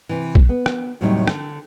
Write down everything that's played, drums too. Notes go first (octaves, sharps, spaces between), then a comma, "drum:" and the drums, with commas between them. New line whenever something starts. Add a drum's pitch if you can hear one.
C3 E3
drum: kick
B3
drum: rim click
D#2 A2 C3 F#3 G3 D#4
D3, drum: rim click